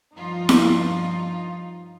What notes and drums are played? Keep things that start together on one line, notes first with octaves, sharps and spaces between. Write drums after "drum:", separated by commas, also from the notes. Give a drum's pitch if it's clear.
G2 F3 D#4 F4
drum: snare E4